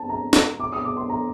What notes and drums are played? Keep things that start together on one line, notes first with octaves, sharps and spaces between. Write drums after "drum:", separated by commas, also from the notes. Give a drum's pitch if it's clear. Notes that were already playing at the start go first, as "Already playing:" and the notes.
Already playing: A5
A#5
drum: snare
D6
D#6
D6
C6
A#5